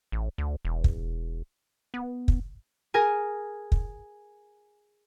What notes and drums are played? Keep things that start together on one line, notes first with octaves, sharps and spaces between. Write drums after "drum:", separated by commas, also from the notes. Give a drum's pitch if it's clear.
A1
D2
E1
drum: kick
B3
drum: kick
G#4 A#4 G#5
drum: kick